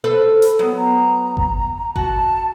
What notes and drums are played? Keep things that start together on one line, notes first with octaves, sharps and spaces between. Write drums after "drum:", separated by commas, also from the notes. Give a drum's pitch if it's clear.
A4 B4 C5
drum: hi-hat
F#3 B3
A#5
drum: kick G1
F#4 A5, drum: kick G1